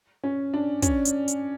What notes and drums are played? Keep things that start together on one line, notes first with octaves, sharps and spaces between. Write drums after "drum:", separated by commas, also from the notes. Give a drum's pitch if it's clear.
C#4
D4
C#4, drum: kick, hi-hat
drum: hi-hat
drum: hi-hat